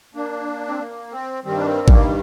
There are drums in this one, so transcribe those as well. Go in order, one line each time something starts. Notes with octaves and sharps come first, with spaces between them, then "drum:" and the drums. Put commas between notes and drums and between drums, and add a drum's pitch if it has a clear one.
A#3 D4
C4
A#3
C4
G2 D#3 G3 C4
D4
C4
A#3, drum: kick A1